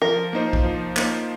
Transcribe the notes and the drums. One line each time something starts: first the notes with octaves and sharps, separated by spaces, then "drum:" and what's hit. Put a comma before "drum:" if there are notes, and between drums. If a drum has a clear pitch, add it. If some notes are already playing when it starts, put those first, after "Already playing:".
F3 A#4
A#3 D#4 C5
drum: kick A#1
F3
A#3 D#4 C5, drum: clap